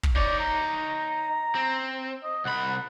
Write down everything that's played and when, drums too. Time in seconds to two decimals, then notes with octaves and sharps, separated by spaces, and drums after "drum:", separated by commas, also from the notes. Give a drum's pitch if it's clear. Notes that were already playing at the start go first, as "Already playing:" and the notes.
0.03 drum: kick
0.16 D#4 C#5 D5
0.40 A#5
1.55 C4
2.24 D#5
2.45 C2 F#5 B5